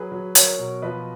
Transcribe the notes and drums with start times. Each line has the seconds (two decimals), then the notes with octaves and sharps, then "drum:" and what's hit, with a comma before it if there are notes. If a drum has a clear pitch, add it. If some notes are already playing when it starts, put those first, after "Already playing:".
Already playing: F#3 G#4 B4
0.12 F#3
0.35 F#3 A#4 C#5, drum: hi-hat
0.59 B2
0.82 F3 B4 D#5